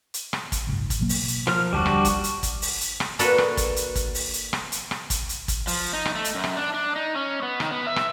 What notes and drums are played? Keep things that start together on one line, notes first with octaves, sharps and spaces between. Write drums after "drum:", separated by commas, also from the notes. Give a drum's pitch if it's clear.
drum: hi-hat
drum: rim click
drum: kick, hi-hat
F#1 C#2 G#2
drum: kick, hi-hat
B2 F#3 A#3
drum: open hi-hat
drum: hi-hat
F3 A#4 F6, drum: rim click
F1 D2 G3 D4 F#4
drum: rim click
drum: kick, hi-hat
drum: hi-hat
drum: kick, hi-hat
drum: open hi-hat
drum: hi-hat
drum: rim click
A#3 D4 F#4 A4 B4, drum: hi-hat
drum: rim click
drum: kick, hi-hat
drum: hi-hat
drum: kick, hi-hat
drum: open hi-hat
drum: hi-hat
drum: rim click
drum: hi-hat
drum: rim click
drum: kick, hi-hat
drum: hi-hat
drum: kick, hi-hat
F3, drum: open hi-hat
D#4
drum: rim click
A3
drum: hi-hat
F#2
drum: rim click
D4
D4
D#4
C#4
B3
D#3, drum: rim click
B3
E5
drum: rim click